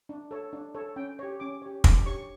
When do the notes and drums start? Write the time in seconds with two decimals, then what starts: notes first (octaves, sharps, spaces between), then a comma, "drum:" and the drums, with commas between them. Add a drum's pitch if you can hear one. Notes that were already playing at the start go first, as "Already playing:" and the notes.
0.09 D4
0.31 A4 C#5
0.53 D4
0.75 A4 C#5
0.96 C#4 G5
1.19 G4 C#5
1.40 C#4 D6
1.62 G4 C#5
1.84 D4 D6, drum: kick
2.06 G4 C#5 C#6